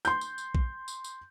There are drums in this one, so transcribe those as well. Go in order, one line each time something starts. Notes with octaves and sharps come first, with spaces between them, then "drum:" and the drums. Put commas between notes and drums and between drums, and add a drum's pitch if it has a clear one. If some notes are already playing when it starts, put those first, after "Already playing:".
C6 G6, drum: tambourine
drum: tambourine
drum: tambourine
drum: kick A#1
drum: tambourine
drum: tambourine